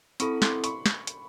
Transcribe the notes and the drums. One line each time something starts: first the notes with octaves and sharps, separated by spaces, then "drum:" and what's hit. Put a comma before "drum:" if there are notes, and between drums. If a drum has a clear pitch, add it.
C4 E4 A4 B5 C#6, drum: hi-hat
C6 D6, drum: snare
B5 C#6, drum: hi-hat
drum: snare
drum: hi-hat